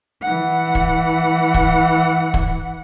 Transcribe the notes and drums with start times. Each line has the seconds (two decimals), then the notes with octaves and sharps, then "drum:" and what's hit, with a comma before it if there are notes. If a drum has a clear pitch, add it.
0.22 E3 F#5
0.75 drum: kick
1.54 drum: kick
2.34 drum: kick